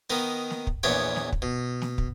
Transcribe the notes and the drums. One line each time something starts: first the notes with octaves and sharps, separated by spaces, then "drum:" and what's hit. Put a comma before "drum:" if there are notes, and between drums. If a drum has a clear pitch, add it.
D#3 B3 D#4
drum: snare
drum: kick
A#1 E2 B3 C#5 G5
drum: snare
drum: kick
B2
drum: snare
drum: kick